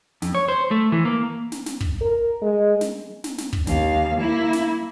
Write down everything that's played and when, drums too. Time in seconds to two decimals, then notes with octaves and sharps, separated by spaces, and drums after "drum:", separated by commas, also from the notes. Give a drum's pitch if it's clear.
0.22 F2, drum: snare
0.35 C#5
0.48 C5
0.71 A3
0.92 E3
1.05 A#3
1.52 drum: snare
1.66 drum: snare
1.81 drum: kick
2.01 A#4
2.42 G#3
2.81 drum: snare
3.24 drum: snare
3.38 drum: snare
3.53 drum: kick
3.67 D#2 F5, drum: snare
4.21 A#3 E4
4.53 drum: snare